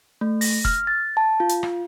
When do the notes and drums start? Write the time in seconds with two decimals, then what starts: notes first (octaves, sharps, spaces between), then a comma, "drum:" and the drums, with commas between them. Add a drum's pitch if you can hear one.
0.21 A3
0.41 A#6, drum: open hi-hat
0.65 F6, drum: kick
0.87 A6
1.17 A5
1.40 F4
1.49 drum: hi-hat
1.63 drum: rim click